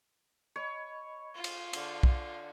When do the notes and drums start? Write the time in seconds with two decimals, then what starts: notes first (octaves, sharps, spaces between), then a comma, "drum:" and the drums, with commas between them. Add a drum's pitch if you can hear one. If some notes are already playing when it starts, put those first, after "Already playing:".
0.56 C#5 D#5 B5
1.35 F4 C#6
1.44 drum: cymbal
1.73 D3, drum: cymbal
2.03 drum: kick